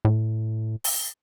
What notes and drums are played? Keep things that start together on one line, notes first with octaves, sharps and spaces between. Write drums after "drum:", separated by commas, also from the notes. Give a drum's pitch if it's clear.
A2
drum: open hi-hat